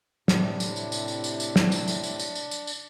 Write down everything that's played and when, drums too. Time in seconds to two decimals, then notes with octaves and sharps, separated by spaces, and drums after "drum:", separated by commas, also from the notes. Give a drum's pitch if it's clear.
0.28 A2 C3 D4, drum: snare
0.60 drum: tambourine
0.76 drum: tambourine
0.92 drum: tambourine
1.08 drum: tambourine
1.24 drum: tambourine
1.40 drum: tambourine
1.56 drum: snare
1.72 drum: tambourine
1.88 drum: tambourine
2.04 drum: tambourine
2.19 drum: tambourine
2.35 drum: tambourine
2.51 drum: tambourine
2.67 drum: tambourine